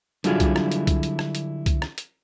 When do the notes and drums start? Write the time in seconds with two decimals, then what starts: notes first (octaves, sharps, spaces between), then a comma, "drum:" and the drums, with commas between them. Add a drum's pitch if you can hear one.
0.24 D3 F#3 G3 E4 F4 G#4, drum: hi-hat
0.40 drum: kick C2, hi-hat
0.56 drum: rim click
0.72 drum: hi-hat
0.87 drum: kick C2, hi-hat
1.03 drum: hi-hat
1.19 drum: rim click
1.35 drum: hi-hat
1.66 drum: kick C2, hi-hat
1.82 drum: rim click
1.98 drum: hi-hat